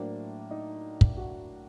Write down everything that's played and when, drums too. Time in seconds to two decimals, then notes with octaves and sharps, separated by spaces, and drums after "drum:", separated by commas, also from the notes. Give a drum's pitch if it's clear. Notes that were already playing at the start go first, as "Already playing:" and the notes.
Already playing: A2 F#3 A#3 D4 C5
0.51 D#4
1.01 drum: kick
1.17 F#4